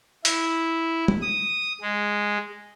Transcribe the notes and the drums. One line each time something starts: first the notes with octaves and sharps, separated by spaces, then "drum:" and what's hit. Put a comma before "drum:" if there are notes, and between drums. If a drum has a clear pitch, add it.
E4, drum: hi-hat
drum: tom
D#6
G#3